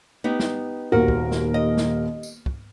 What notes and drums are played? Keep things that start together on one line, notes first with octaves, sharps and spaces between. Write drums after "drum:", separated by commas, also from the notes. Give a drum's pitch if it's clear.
B3 D#4 G4
drum: snare
D#1 D#2 F#4 A#4
drum: kick
drum: snare
D#5
drum: snare
drum: tambourine
drum: kick